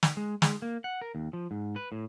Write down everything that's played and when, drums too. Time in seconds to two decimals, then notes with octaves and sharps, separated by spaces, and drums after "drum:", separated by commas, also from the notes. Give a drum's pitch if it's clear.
0.03 drum: snare
0.17 G#3
0.42 G#3, drum: snare
0.62 A#3
0.84 F#5
1.01 A#4
1.15 D#2
1.33 F3
1.51 G#2
1.76 B4
1.92 A2